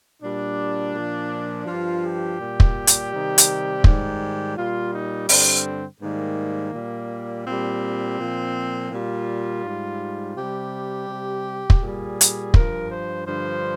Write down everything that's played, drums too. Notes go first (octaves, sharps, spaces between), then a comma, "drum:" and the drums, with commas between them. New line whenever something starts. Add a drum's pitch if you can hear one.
A#2 G3 D4
A#2 F3
G2 F3 F4
G4
A#2 G3
drum: kick
drum: hi-hat
C3 D#3 G3
drum: hi-hat
G#2 D#3 G3 G4, drum: kick
A#2 G3 F4
D#4
G2 D3 G3 C4, drum: open hi-hat
G#2 D#3 G3 A#3
A#2 G3
A#2 G3 C4
A#2 F3
A#2 G3 F4
G#2 G3
C3 G3 G4
C3 G3
drum: kick
A#2 G3 G#4
drum: hi-hat
G2 F3 A#4, drum: kick
C5
G2 D3 F3 C5